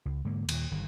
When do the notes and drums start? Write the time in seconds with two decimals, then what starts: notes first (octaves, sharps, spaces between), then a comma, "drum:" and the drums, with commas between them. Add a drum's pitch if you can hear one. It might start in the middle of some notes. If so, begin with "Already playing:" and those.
0.05 C#2
0.25 G#2 D3 A#3
0.49 D#2 A#2, drum: cymbal
0.71 G1 D#3